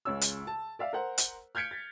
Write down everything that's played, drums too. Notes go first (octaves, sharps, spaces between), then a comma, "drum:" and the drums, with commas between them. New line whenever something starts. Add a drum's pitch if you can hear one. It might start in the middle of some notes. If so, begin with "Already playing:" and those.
C#2 C#3 C#5 E6
drum: hi-hat
A5
D5 E5 F5
A#4 C5 F#5
drum: hi-hat
F6 G6 G#6 B6 C#7 D7
A6